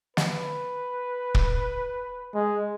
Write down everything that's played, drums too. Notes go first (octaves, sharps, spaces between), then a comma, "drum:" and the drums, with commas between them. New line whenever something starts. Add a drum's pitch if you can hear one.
B4, drum: snare
drum: kick
G#3